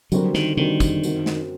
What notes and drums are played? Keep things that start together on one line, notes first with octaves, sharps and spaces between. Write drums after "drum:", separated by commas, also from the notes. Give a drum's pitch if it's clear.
D3 F#3 G3 C4 F#4 A#4, drum: tambourine
D#3, drum: snare
D3 D#3 G3 C4 F#4 A#4
drum: kick, tambourine
F#2 F#3 C4, drum: tambourine
drum: snare